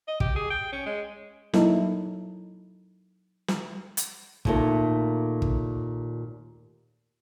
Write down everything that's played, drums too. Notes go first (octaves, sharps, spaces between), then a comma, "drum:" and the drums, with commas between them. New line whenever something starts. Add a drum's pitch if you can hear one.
D#5
G4, drum: kick
G#4
G5
C#4
G#3
F#3 A#3 D#4 E4 A4, drum: snare
drum: snare
drum: hi-hat
D#2 A#2 A3, drum: kick
drum: kick